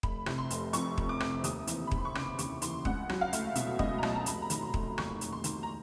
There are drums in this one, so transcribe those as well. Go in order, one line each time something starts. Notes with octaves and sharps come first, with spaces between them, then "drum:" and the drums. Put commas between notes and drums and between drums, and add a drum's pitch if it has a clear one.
F1 B5, drum: kick
C3, drum: rim click
C6
F1, drum: hi-hat
F2 C#6, drum: hi-hat
F1, drum: kick
D6
C3, drum: rim click
D#2 D#6, drum: hi-hat
E3, drum: hi-hat
B5
D#2, drum: kick
C6
C#6
C#3 D6, drum: rim click
D#2 C#6, drum: hi-hat
E3 C6, drum: hi-hat
C#2 F#5, drum: kick
F#3, drum: rim click
F5
A3, drum: hi-hat
B2 E5, drum: hi-hat
C#2 D#5, drum: kick
A#5
F#3 A5, drum: rim click
A#5
F1 B5, drum: hi-hat
A#5
D#3 B5, drum: hi-hat
C6
F1, drum: kick
D#2 C#6, drum: rim click
F1, drum: hi-hat
C6
D#3, drum: hi-hat
A#5